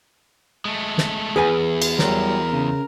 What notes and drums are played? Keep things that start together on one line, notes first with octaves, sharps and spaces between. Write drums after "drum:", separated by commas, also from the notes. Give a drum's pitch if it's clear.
G#3 A3
drum: snare
E2 G#4 B4 G#5
drum: cymbal
F#3 G3 A#4, drum: snare
C#3